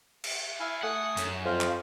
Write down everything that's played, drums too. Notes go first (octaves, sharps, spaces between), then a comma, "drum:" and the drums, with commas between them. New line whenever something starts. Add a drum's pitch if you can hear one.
drum: cymbal
E4 F5 G#5
A3 F#5 G#5 D#6
F#2, drum: hi-hat
F2 C5 F5
drum: clap